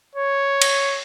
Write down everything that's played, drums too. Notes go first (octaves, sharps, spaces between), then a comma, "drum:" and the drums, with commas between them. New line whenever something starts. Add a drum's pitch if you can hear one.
C#5
drum: cymbal